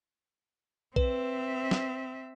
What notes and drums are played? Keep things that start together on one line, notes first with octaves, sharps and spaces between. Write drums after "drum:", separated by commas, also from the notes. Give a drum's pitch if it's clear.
C4 B4 E5, drum: kick
drum: snare